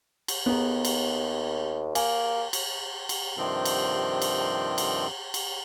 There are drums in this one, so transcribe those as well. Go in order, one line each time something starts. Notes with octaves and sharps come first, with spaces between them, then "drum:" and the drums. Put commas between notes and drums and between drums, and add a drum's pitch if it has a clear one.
drum: cymbal
D#2 B3 G#4 A#5
drum: cymbal
A#3 G#5, drum: cymbal
drum: cymbal
drum: cymbal
G2 C3 D#3 F3 C4
drum: cymbal
drum: cymbal
drum: cymbal
drum: cymbal